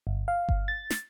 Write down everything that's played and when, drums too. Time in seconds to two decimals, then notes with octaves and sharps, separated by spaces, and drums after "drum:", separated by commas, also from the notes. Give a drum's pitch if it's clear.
0.07 G1
0.28 F5
0.49 drum: kick G1
0.68 A6
0.90 drum: snare